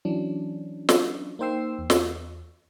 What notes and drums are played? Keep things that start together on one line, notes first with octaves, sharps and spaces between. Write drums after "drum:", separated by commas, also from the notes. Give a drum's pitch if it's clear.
E3 F#3 C#4 D4
drum: snare
A#3 D#4 C5 G5 E6 C7
E2
drum: snare